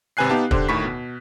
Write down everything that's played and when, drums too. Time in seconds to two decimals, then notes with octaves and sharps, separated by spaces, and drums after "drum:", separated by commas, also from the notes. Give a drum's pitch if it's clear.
0.17 G#1 C3 B4 G#5 F#6 C7
0.29 B3 D#4 G4 F5 A5
0.51 D3 G4 C5, drum: kick
0.68 D2 A2 D#3 B5 C#6 B6
0.84 B2